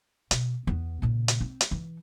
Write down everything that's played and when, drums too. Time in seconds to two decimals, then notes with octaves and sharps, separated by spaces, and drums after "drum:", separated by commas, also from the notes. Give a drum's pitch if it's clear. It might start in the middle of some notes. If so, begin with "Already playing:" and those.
0.31 B2, drum: hi-hat
0.67 E2 B3
1.02 A#2 C#3
1.28 drum: hi-hat
1.41 C4
1.61 drum: hi-hat
1.71 E3